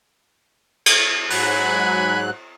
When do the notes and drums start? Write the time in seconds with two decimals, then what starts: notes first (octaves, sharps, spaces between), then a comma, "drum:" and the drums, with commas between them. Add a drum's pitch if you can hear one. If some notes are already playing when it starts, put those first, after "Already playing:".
0.86 drum: cymbal
1.30 G#2 F#3 F#5 G#5 B5 F#6, drum: open hi-hat